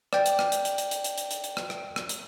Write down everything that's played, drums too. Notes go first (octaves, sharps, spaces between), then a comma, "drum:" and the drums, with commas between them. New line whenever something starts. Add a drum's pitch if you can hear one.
D5 G5, drum: rim click
drum: hi-hat
drum: rim click
drum: hi-hat
drum: hi-hat
drum: hi-hat
drum: hi-hat
drum: hi-hat
drum: hi-hat
drum: hi-hat
drum: hi-hat
drum: rim click
drum: rim click
drum: rim click
drum: hi-hat